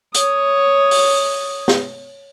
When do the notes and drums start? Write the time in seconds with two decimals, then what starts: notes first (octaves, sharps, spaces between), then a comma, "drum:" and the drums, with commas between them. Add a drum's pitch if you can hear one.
0.15 C#5 D#6, drum: hi-hat
0.91 drum: open hi-hat
1.68 drum: snare